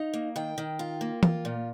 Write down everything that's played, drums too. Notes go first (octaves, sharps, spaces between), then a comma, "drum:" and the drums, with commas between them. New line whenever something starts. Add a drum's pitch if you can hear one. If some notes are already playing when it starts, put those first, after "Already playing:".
Already playing: D#4 F5
A#3
D#3 G5
D#3
F4
A#3
F4, drum: tom
A#2